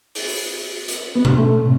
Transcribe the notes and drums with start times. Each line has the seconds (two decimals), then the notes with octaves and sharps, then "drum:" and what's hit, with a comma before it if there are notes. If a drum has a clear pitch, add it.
0.15 drum: open hi-hat
0.88 drum: hi-hat
1.16 B3
1.25 drum: tom B2
1.38 A3
1.60 A2 C3